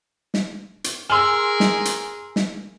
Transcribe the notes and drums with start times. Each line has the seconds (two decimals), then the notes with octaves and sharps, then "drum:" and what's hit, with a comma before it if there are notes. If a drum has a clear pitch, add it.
0.34 drum: snare
0.84 drum: hi-hat
1.10 G#4 A#4 G#5 C6 E6 F6
1.60 drum: snare
1.85 drum: hi-hat
2.36 drum: snare